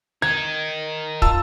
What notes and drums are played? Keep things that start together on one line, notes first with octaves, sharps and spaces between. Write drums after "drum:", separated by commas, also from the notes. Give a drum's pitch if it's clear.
D#4 A#4 G#6
F4 A5 E6, drum: kick